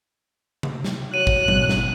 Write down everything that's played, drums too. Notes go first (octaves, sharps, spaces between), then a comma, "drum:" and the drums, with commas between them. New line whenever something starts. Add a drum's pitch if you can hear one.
drum: tom C3
drum: snare
F#3 F#6 D#7
drum: kick
G#1 B2, drum: tom F#3
drum: snare